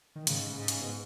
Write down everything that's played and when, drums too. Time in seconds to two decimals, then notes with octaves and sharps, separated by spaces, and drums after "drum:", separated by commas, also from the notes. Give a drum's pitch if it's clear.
0.16 D#3
0.27 G#2 C#3, drum: hi-hat
0.48 C#3
0.58 G#2
0.68 C#3, drum: hi-hat
0.81 B2